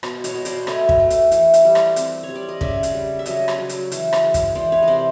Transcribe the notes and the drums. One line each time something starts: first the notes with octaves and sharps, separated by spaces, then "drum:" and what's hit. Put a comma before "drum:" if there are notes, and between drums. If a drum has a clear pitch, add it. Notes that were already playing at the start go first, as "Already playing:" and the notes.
B2, drum: rim click
C#5 D#5, drum: hi-hat
B2
C5 D5, drum: hi-hat
A3 C#5 D#5, drum: rim click
drum: kick
A3
drum: hi-hat
E3, drum: hi-hat
drum: hi-hat
G3
drum: rim click
C4, drum: hi-hat
C#5
G3
D5
D#5
C#3 D5 E5, drum: kick
drum: hi-hat
G3
E5
F#3 C#5 D#5, drum: hi-hat
drum: rim click
F#3
drum: hi-hat
E3, drum: hi-hat
drum: rim click
G#3
drum: kick, hi-hat
E3 C5 D5
B4 C#5
D#5
C3 C5 D5